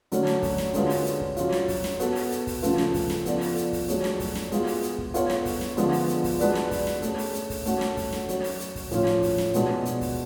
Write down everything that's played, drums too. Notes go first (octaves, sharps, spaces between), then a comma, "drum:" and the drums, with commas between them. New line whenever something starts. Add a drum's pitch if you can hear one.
D3 F#3 A3 C#4, drum: hi-hat
drum: snare
drum: kick, open hi-hat
drum: snare
D3 G#3 C#4 F4 B4, drum: hi-hat
drum: open hi-hat
drum: hi-hat
drum: kick
F#3 C#4 F4, drum: hi-hat
drum: snare
drum: kick, open hi-hat
drum: snare
B3 F#4 A4, drum: hi-hat
drum: open hi-hat
drum: hi-hat
drum: kick, open hi-hat
C#3 F3 A3 F4 B4, drum: hi-hat
drum: snare
drum: kick, open hi-hat
drum: snare
F3 B3 F4 A4 D5, drum: hi-hat
drum: open hi-hat
drum: hi-hat
drum: kick, open hi-hat
F#3 A3 D4 G#4 C#5, drum: hi-hat
drum: snare
drum: kick, open hi-hat
drum: snare
G#3 B3 F4 G#4, drum: hi-hat
drum: open hi-hat
drum: hi-hat
drum: kick
B3 F4 A4 C#5, drum: hi-hat
drum: snare
drum: kick, open hi-hat
drum: snare
D3 F3 G#3 B3, drum: hi-hat
drum: open hi-hat
drum: hi-hat
drum: kick, open hi-hat
G#3 D4 F#4 B4 D5, drum: hi-hat
drum: snare
drum: kick, open hi-hat
drum: snare
A3 C#4 G#4, drum: hi-hat
drum: open hi-hat
drum: hi-hat
drum: kick, open hi-hat
A3 C#4 F#4, drum: hi-hat
drum: snare
drum: kick, open hi-hat
drum: snare
F#3 C#4 F#4 C#5, drum: hi-hat
drum: open hi-hat
drum: hi-hat
drum: kick, open hi-hat
A2 F3 A3 C#4 F4, drum: hi-hat
drum: snare
drum: kick, open hi-hat
drum: snare
B2 G#3 B3 D4 F#4, drum: hi-hat
drum: hi-hat
drum: kick, open hi-hat